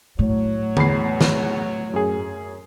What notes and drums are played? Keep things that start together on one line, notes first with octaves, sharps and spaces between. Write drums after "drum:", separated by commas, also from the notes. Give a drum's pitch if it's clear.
A2 F#3 C#5
E2 B5 C7, drum: tom D3
drum: snare
F#2 G#4